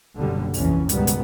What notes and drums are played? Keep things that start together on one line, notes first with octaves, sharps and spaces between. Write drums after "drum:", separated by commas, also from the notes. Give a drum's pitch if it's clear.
F#1 D#2 B2 D3 G3
F1 A#1 E2 E3 C#4, drum: open hi-hat
C#2 G#2 B2 D#3 G3 B3, drum: hi-hat
drum: hi-hat